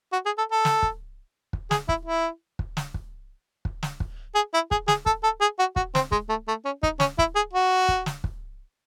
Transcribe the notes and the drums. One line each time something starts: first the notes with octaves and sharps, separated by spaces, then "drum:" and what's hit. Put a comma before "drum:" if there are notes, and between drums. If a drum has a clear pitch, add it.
F#4
G#4
A4
A4
drum: snare
drum: kick
drum: kick
G#4, drum: snare
E4, drum: kick
E4
drum: kick
drum: snare
drum: kick
drum: kick
drum: snare
drum: kick
G#4
E4
G#4, drum: kick
G#4, drum: snare
A4, drum: kick
A4
G#4
F#4
F#4, drum: kick
C4, drum: snare
G#3, drum: kick
A3
A3
C#4
D#4, drum: kick
C#4, drum: snare
E4, drum: kick
G#4
F#4
drum: kick
drum: snare
drum: kick